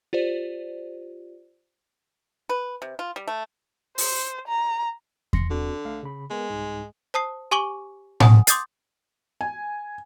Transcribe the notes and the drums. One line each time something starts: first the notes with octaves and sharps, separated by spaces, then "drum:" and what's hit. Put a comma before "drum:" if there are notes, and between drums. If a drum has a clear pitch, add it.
F4 G4 C5 D5
B4
C3
F4
G3
A3
C5, drum: open hi-hat
A#5
C6 A#6 C#7, drum: kick E2
D3 C4 F#4
B1 A3 F5
C#3 B5
G#3 B3 A#4
C2 G#2
C5 A5 D#6 C7
G4 G#5 C#6 D6 F#7 G7
F#5 G#5 D#6, drum: tom A2
C6 D6 D#6 G6 A6 C7, drum: hi-hat
G#5